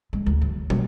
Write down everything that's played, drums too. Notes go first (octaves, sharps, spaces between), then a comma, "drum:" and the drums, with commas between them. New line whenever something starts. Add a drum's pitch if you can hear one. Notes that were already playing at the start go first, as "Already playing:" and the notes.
G#3
D2
F#3
F#3, drum: tom